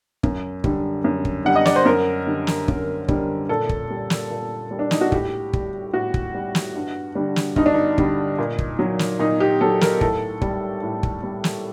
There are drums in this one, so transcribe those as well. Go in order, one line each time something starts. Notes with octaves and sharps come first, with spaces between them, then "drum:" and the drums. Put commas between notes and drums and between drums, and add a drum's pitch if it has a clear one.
F#2, drum: kick
D3 G3, drum: kick
F#2
drum: kick
D3 G3 F#5
D#5
D5, drum: snare
C5
F#2 A#4
D3 G3
drum: snare
F#2, drum: kick
D3 G3, drum: kick
A#2 A4
drum: kick
G3
drum: snare
A#2
G3
D4
D#4, drum: snare
F#4
A2 G4, drum: kick
G3, drum: kick
A2 F#4
drum: kick
G3
drum: snare
G2
D3 G3
drum: snare
G2 D#4, drum: kick
D4
D#4
D3 G3, drum: kick
A#2
drum: kick
F#3
drum: snare
A#2 D#4
G4
F#3 A4
A#4, drum: snare
A2 A4, drum: kick
G3, drum: kick
A2
drum: kick
G3
drum: snare